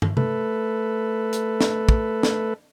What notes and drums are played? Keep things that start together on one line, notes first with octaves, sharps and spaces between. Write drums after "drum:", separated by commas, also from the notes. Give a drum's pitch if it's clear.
drum: tom
A3 A4 B4, drum: tom C3
drum: hi-hat
drum: snare
drum: kick
drum: snare